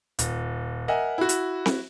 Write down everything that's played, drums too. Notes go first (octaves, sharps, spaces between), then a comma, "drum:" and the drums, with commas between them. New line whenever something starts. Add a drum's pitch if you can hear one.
D#1, drum: hi-hat
A#4 D#5 E5 F#5 G#5
E4 F#4
drum: hi-hat
drum: snare C4